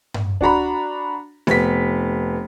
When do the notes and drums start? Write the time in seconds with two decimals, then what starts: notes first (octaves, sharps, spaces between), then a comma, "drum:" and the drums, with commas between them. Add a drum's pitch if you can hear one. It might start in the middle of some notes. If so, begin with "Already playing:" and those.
0.14 drum: tom G2
0.41 D4 F#4 A#5 B5, drum: kick D2
1.47 F1 B3 B6, drum: snare A3